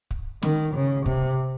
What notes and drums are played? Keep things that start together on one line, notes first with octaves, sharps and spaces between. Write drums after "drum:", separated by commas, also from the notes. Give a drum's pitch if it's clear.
drum: kick
D#3, drum: snare
C#3
C3, drum: kick